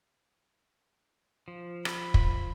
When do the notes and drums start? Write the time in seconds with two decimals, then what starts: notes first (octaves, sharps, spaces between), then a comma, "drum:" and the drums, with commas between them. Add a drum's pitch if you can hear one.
1.48 F3
1.85 B5, drum: rim click
2.14 drum: kick